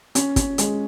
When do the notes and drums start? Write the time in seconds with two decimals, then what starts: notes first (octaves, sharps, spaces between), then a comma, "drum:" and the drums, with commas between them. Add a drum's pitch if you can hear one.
0.15 C#4, drum: hi-hat
0.36 C#4, drum: kick, hi-hat
0.58 G#3, drum: hi-hat